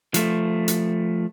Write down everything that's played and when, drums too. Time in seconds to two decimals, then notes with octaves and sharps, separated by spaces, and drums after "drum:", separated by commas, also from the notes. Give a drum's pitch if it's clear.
0.14 F3 A3, drum: hi-hat
0.68 drum: hi-hat